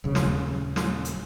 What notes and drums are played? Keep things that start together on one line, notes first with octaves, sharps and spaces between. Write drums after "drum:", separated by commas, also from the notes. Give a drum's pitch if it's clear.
D#1 C#3
drum: snare
drum: snare
drum: hi-hat